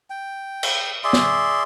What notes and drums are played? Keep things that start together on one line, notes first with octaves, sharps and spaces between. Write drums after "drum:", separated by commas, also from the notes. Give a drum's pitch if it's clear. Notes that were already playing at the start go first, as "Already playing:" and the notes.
G5
drum: cymbal
G#4 D5 E5 C6
drum: snare